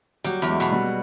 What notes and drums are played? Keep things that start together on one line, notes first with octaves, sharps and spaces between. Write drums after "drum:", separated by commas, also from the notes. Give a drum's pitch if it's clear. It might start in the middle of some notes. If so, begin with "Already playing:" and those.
F#3 G3, drum: hi-hat
E2, drum: hi-hat
G#3
B2, drum: hi-hat
G3